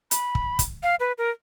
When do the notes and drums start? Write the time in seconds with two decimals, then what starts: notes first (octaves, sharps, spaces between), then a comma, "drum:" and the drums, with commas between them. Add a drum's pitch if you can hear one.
0.11 B5, drum: hi-hat
0.35 drum: kick
0.59 drum: kick, hi-hat
0.83 F5
1.00 B4
1.18 A#4